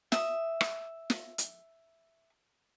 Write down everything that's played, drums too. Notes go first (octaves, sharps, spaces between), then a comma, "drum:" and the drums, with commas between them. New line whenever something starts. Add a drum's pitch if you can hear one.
E5 D#6, drum: snare
drum: rim click
drum: snare
drum: hi-hat